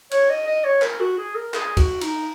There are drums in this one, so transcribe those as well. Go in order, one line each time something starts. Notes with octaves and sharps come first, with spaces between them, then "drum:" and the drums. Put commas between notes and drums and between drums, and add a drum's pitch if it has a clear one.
C#5, drum: cymbal
D#5
D#5
C#5
A#4, drum: clap
F#4
G#4
A#4
G#4, drum: clap
F#4, drum: kick, cymbal
D#4, drum: cymbal